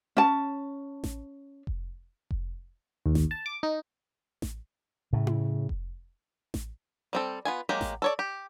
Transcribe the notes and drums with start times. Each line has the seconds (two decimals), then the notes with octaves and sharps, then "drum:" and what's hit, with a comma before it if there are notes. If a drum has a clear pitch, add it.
0.17 C#4 A5
1.04 drum: snare A1
1.67 drum: kick F1
2.31 drum: kick F1
3.06 D#2
3.15 drum: snare A1
3.31 A5
3.46 D6
3.63 D#4
4.42 drum: snare A1
5.13 A2 C#3
5.27 drum: tom E4
5.69 drum: kick F1
6.54 drum: snare A1
7.13 G3 C4 A4
7.45 B3 F4 G#5
7.69 F#3 G#3 A#3 G4
7.81 drum: snare A1
8.02 A4 C#5 D5
8.19 G4